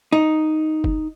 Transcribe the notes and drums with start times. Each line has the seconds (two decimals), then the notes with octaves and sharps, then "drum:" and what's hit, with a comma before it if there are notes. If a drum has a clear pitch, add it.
0.12 D#4
0.84 drum: kick